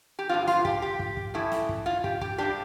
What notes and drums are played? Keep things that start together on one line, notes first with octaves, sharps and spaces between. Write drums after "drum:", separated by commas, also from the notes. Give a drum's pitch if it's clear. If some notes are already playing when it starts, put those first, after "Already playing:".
G4
G2 D3 G3 C4 F4
F4, drum: snare
G4, drum: kick
G4
drum: kick
drum: kick
A2 E3 A3 E4
drum: snare
drum: kick
F4
G4, drum: kick
G4, drum: kick
C3 G3 D4 G4